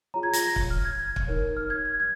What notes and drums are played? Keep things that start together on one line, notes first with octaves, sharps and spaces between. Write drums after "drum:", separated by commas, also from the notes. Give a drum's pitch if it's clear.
F4 G#4 C#5 A#5
G#6
A#6, drum: hi-hat
drum: kick
F6
G#6
drum: kick
D#4 A#4 C#5
F6
G#6
G#6
G#6